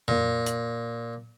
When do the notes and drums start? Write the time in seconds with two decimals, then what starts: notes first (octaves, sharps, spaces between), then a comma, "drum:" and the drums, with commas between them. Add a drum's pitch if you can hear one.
0.08 A#2, drum: tom F2
0.46 drum: hi-hat